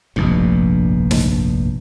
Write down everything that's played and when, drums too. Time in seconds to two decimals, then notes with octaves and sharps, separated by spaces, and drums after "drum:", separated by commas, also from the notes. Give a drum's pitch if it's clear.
0.16 F1 A#1 G2, drum: kick
1.11 drum: snare